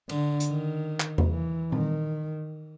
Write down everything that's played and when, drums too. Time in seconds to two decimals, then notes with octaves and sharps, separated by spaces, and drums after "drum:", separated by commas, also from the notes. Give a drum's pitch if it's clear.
0.09 D3, drum: cymbal
0.40 drum: hi-hat
0.50 D#3
1.00 drum: clap
1.18 drum: tom E2
1.31 E3
1.72 D#3, drum: tom A#2